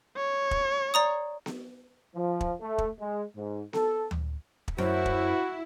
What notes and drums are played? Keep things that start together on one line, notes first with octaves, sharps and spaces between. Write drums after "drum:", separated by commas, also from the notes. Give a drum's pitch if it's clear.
C#5
drum: kick
D5 A#5 D#6
drum: snare B3
F3
drum: kick
A3
drum: kick
G#3
G#2
A4, drum: snare B3
drum: tom D2
drum: kick
F#2 E4 F#4 C5
drum: kick